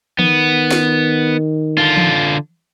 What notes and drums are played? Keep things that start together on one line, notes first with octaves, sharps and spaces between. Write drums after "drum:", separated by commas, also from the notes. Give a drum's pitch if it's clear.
D#3 B3, drum: tom E3
drum: snare
D3 F4
drum: tom E3